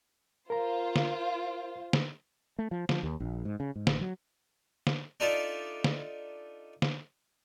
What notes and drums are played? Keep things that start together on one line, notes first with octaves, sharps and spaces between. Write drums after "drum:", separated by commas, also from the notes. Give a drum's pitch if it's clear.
F4 A#4 C5 A#5
drum: snare
drum: snare
A3
F3
F3, drum: snare
D#2
A#1
G#2
C#3
G#2
A1, drum: snare
F#3
drum: snare
D4 D#4 F4 A4 D5 E5
drum: snare
drum: snare